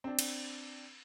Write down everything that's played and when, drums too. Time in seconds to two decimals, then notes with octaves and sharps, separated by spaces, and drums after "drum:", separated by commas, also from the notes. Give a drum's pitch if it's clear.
0.04 C4 D4
0.19 drum: cymbal